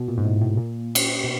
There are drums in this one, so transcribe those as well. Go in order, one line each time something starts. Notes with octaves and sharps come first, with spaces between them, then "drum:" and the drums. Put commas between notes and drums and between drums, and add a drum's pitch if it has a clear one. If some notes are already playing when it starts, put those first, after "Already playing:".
Already playing: B2
A#2
G#2
A2
A2
A#2
drum: cymbal
B2